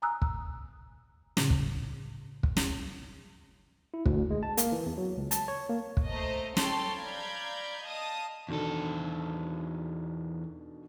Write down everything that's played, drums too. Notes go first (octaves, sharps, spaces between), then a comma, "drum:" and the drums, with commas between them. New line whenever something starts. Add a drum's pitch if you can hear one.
G#5 A#5 D#6 E6 F#6
drum: kick
A2 C#3, drum: snare
drum: kick
drum: kick
drum: snare
E4
D2, drum: kick
G#3
A5
A#3, drum: hi-hat
E3
E2
F#3
C#2
A5, drum: hi-hat
C#5
A#3
drum: kick
A3 C5 D#5 A#5
A4 C#5 G5 A5 C6, drum: snare
D5 F5 A#5 B5 G6 G#6
D#5 F5 A5 D#6
E2 B2 D3 D#3 A4